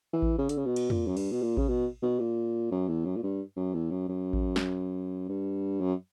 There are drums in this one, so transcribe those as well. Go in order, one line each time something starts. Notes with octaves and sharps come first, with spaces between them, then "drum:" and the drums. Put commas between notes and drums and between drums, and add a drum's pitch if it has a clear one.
E3
drum: kick A1
C#3
D3, drum: hi-hat
C#3
B2
drum: cymbal
A#2, drum: tom
F#2
G2, drum: cymbal
B2
A#2
C#3, drum: kick A1
B2
B2
A#2
F#2
E2
F#2
A#2
G2
F#2
E2
F#2
F#2
drum: kick A1
drum: snare
G2
F#2